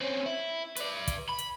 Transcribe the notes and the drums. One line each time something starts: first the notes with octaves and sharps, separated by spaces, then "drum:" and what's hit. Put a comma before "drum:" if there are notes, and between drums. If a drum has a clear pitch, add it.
C4 C#4
E4
B4 D5, drum: hi-hat
drum: kick, hi-hat
B5
drum: hi-hat